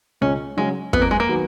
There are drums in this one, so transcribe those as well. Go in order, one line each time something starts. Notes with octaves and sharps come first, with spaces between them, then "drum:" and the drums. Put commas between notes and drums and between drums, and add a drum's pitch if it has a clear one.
C#2 C#4
C#3 F#3 G#3 C#4 F#4
F2 B3, drum: kick
A#3
G#3
A#3
D#3 F#3 B3 F#4